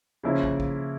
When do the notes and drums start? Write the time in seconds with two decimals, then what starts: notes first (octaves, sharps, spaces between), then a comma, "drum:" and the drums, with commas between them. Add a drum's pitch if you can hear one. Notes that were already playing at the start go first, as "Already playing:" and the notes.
0.23 C#3 F3 A#3 C#4 E4
0.43 drum: kick
0.60 drum: kick